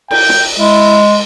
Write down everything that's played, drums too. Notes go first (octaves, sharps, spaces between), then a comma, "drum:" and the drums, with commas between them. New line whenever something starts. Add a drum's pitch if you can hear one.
G5, drum: cymbal
drum: snare
G#3 E4